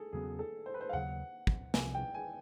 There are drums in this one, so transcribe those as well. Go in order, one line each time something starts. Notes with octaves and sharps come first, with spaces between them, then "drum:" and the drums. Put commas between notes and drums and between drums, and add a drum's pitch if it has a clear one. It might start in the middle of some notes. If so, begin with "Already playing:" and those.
Already playing: G#4 A4
E2 C#3 F#3 B3 G#4
A4
C5
B4
C5
F5
D#2 C#3 F#3 F#5
drum: kick
C2 C3 F3 A3 G#5, drum: snare
G5
G#5